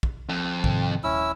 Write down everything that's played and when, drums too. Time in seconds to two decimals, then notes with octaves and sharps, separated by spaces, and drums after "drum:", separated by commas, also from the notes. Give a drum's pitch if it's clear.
0.03 drum: kick
0.29 F2
0.64 G#2 C3 D#3, drum: kick
1.04 D#1 C#4 E4 E6